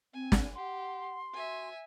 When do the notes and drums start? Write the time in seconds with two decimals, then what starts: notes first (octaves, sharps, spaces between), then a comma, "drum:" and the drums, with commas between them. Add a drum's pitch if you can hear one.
0.14 C4 G#5
0.32 drum: snare
0.55 G4 F#5 C6
1.33 F#4 E5 G#5